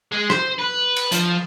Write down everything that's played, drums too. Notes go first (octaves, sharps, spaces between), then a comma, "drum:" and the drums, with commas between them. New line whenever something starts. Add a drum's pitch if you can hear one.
G#3
C5, drum: rim click
B4
drum: cymbal
F3, drum: hi-hat